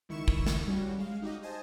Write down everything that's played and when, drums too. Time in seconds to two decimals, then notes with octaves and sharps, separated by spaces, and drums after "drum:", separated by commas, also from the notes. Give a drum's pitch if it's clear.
0.09 C#2 D#3 E4 C#6 C#7 E7
0.28 drum: kick
0.47 drum: snare
0.68 G3 C#4 F#4
0.99 G#3 F5
1.22 D#4 F#4 G4 D#5
1.42 C5 D#5 G#5 A5